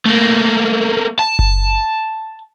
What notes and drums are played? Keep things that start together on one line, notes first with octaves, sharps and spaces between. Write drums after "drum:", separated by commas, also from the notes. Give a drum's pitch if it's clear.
A3 A#3
A5
drum: kick F#1